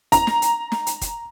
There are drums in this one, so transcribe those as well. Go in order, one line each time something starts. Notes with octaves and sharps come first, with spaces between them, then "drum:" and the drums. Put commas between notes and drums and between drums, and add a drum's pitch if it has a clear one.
A#5, drum: kick, hi-hat
drum: snare
drum: hi-hat
drum: snare
drum: hi-hat
drum: kick, hi-hat